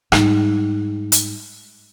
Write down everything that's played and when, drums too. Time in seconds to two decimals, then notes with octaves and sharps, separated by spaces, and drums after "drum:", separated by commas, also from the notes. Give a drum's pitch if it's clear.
0.12 G#2 G3, drum: rim click
1.12 drum: hi-hat